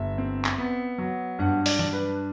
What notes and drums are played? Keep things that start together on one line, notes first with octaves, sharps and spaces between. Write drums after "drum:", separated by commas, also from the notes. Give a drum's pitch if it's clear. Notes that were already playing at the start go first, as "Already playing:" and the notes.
Already playing: G1 E5
C4
drum: clap
B3
F#3
G2 F#5
D5, drum: open hi-hat
D4, drum: tom E3
B4